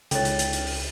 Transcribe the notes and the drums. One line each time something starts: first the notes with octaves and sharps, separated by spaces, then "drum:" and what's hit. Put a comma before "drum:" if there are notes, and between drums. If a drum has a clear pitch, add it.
C#2 A4 C#5 G5 A6, drum: hi-hat
drum: hi-hat
drum: hi-hat
drum: hi-hat
drum: open hi-hat